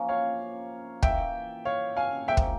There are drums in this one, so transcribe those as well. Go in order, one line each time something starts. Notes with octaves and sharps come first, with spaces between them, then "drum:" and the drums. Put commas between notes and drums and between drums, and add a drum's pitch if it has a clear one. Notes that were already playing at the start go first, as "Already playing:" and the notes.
Already playing: F3 A#3 C#4
C#5 F5
E3 A#3 F4 E5 G5, drum: kick
C#5 F5
F5 G#5
G#2 F3 A#3 E5 G5
drum: kick